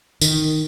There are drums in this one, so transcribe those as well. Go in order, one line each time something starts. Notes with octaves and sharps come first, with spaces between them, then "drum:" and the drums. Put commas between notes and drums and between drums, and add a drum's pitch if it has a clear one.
D#3, drum: tambourine